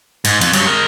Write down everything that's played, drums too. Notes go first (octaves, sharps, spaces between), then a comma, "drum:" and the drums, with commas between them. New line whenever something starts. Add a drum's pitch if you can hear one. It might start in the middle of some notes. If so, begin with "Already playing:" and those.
G#2, drum: cymbal
F2, drum: cymbal
G2 F#3, drum: cymbal
G#3 A#4